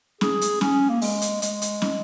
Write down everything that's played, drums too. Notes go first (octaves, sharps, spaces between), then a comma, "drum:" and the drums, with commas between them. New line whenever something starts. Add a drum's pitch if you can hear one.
G#4, drum: snare
drum: hi-hat
C#4, drum: snare
A#3
G#3, drum: open hi-hat
drum: hi-hat
G#3, drum: hi-hat
drum: hi-hat
drum: snare